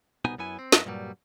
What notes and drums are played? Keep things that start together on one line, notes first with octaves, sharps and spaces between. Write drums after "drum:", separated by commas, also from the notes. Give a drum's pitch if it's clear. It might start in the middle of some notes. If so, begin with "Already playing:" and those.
C2 B2 B3 D#4 G#5
F#2 B3 E4 G#5
C4
F#2 D#4 B4 D#5 E5, drum: snare
G2 A#2 F#3 G3